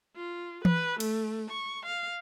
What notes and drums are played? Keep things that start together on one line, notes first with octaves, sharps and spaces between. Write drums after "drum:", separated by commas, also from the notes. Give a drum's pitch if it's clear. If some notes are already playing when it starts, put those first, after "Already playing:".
F4
B4, drum: tom E3
A3, drum: cymbal
C#6
F5